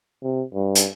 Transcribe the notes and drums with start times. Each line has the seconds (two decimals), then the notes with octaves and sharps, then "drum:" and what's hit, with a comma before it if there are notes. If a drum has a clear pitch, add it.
0.23 C3
0.55 G2
0.75 drum: hi-hat